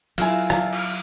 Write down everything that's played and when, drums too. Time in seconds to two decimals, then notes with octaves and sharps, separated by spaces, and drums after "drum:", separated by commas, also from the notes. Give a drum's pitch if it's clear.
0.18 F#3 E4 F4 G#4 A#4 E5 F5, drum: cymbal
0.50 drum: rim click
0.73 drum: cymbal